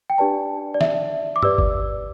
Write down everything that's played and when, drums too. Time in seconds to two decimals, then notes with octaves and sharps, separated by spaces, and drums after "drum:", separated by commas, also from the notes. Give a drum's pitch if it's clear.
0.10 G5
0.18 D4 G4 B4 D5 A5
0.74 D5
0.81 E5, drum: snare
1.36 D6
1.42 G4 B4 D5 E6, drum: tom G2
1.58 drum: kick G1